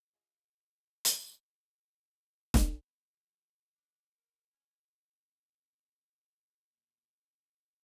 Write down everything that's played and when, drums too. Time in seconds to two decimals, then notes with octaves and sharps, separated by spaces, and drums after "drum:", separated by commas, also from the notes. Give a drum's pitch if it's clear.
0.13 F4 G#4 D#5 F5
1.05 drum: hi-hat
2.54 drum: snare E1
2.78 B3
3.11 F#3
3.72 D4
4.14 A#4
4.50 C#4
5.03 C4
6.67 A#2
7.17 C#4